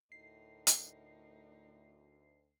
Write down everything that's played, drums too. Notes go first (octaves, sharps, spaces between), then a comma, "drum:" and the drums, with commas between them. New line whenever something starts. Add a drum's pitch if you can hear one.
D2 A2 D#4 A#4 C7
drum: hi-hat